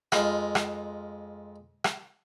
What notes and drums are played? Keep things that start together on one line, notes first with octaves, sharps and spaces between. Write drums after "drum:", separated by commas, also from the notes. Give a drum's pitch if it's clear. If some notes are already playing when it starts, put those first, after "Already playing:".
F2 G#3 F4 A#4 B5, drum: rim click
drum: rim click
drum: rim click